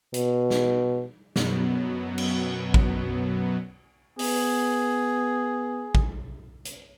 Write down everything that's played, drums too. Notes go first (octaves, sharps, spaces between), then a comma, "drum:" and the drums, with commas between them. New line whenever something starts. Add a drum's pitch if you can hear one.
B2, drum: hi-hat
drum: snare
F#2 B2 F#3 B3, drum: snare
drum: cymbal
drum: kick
B3 G#4, drum: open hi-hat
drum: kick
drum: hi-hat